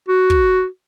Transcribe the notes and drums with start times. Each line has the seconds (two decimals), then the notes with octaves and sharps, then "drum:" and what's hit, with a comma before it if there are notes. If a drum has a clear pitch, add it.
0.09 F#4
0.30 drum: kick